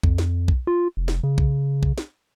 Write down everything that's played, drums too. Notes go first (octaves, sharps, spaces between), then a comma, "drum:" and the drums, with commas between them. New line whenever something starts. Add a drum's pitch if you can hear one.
F2, drum: kick B1
drum: snare
drum: kick B1
F4
F1
drum: snare
C#3
drum: kick B1
drum: kick B1
drum: snare